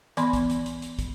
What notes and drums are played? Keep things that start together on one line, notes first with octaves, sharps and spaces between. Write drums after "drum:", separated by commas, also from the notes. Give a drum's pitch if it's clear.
E3 B3 B5 C6, drum: hi-hat
drum: kick, hi-hat
drum: hi-hat
drum: hi-hat
drum: hi-hat
drum: kick, hi-hat